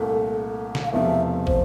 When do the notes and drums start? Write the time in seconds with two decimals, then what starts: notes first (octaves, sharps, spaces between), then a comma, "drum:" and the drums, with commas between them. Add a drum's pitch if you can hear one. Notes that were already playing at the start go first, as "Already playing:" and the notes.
Already playing: C2 A#2 A3 A4
0.75 drum: snare
0.84 F5
0.92 E1 E2 C3 F3 A3 E5
1.47 C5, drum: kick